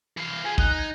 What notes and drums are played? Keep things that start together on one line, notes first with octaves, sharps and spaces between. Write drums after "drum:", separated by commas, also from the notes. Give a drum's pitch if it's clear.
E3 F5
F3 G#4 G#5
D#4 F#6, drum: kick
G#6